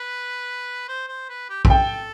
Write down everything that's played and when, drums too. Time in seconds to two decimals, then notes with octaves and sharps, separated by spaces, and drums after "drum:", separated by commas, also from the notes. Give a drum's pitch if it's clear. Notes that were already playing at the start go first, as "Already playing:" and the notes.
Already playing: B4
0.88 C5
1.08 C5
1.29 B4
1.50 G4
1.65 B4, drum: kick A#1
1.70 A4 G5